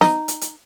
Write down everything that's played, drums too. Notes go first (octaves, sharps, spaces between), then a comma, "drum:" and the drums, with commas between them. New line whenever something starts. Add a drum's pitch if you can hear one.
D#4, drum: snare
drum: hi-hat
drum: hi-hat